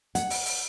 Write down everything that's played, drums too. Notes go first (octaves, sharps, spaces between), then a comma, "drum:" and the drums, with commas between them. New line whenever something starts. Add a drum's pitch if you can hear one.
F#5, drum: hi-hat
drum: open hi-hat
drum: open hi-hat